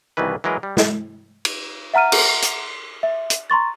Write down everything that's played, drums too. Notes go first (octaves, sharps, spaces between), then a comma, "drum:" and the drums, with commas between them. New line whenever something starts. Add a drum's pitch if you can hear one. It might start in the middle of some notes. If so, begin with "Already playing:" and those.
C2 B2 D#3 E3 B4
E3 F#3 G#3 A#4 B4
G3
drum: snare
drum: cymbal
E5 F#5 A#5 F6 D#7
drum: cymbal
drum: hi-hat
E5
drum: hi-hat
A#5 C6 C#6 A6